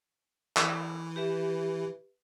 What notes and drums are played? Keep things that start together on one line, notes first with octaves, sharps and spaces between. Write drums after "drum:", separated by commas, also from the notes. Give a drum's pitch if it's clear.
E3, drum: clap
G4 B4 E5